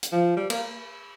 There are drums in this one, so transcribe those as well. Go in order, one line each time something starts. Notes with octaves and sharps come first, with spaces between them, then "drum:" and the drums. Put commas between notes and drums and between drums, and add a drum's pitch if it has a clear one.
drum: hi-hat
F3
G3
A#3, drum: cymbal